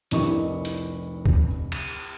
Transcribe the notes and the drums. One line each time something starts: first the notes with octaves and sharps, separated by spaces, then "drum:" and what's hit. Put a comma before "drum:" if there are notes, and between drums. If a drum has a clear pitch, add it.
F1 C2 D4 E4 D#5 C#6, drum: hi-hat
drum: hi-hat
drum: kick
drum: cymbal